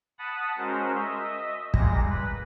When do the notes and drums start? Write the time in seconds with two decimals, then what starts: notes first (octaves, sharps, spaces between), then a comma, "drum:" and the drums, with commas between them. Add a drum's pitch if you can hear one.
0.19 F#5 A5 B5 D#6
0.58 G#3 C#4 F#4 A#4 C5
0.94 D#5 E5
1.74 A#2 G3 G#3 A#6, drum: kick
2.10 B4